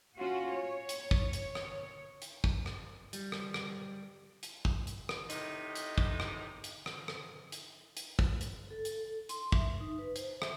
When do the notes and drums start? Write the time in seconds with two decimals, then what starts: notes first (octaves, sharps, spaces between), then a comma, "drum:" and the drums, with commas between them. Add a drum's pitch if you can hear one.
0.18 C#4 F4 F#4
0.51 C#5
0.89 drum: hi-hat
1.11 drum: kick
1.33 drum: hi-hat
1.55 drum: rim click
2.22 drum: hi-hat
2.44 drum: kick
2.66 drum: rim click
3.13 G3, drum: hi-hat
3.32 drum: rim click
3.54 drum: rim click
4.43 drum: hi-hat
4.65 drum: kick
4.87 drum: hi-hat
5.09 drum: rim click
5.30 A2 C3 D#4, drum: hi-hat
5.75 drum: hi-hat
5.98 drum: kick
6.20 drum: rim click
6.64 drum: hi-hat
6.86 drum: rim click
7.08 drum: rim click
7.52 drum: hi-hat
7.97 drum: hi-hat
8.19 drum: kick
8.41 drum: hi-hat
8.71 A4
8.85 drum: hi-hat
9.29 C6, drum: hi-hat
9.52 E5, drum: kick
9.80 D#4
9.98 B4
10.16 C5, drum: hi-hat
10.42 E5, drum: rim click